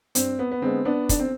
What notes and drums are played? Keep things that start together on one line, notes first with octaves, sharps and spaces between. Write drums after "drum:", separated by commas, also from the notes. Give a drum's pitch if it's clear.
G2 C4, drum: hi-hat
B3
B3
D3 G#3 B3 C4
B3 D4
B1 D4, drum: kick, hi-hat
C4